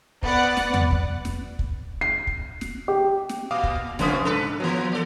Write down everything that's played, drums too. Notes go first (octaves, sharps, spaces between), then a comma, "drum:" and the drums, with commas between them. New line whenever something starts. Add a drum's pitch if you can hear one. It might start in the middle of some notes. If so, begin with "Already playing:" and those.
B3 D5 F#5, drum: kick
drum: snare
drum: tom E2
drum: kick
drum: snare
drum: kick
C7
drum: kick
drum: snare
G4
drum: snare
A#2 F5 D6 D#6
drum: kick
C2 C#3 F3 C#4 B4 D#6, drum: snare
G#2 A4 B4
A#2 E3 F#3 B3
A4 D5